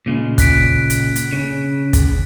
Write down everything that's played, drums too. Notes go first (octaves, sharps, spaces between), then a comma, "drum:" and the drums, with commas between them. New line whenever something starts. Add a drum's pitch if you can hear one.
A#2 C#3 G#3
F#6 B6 D7, drum: kick, hi-hat
drum: hi-hat
drum: hi-hat
C#3
drum: kick, hi-hat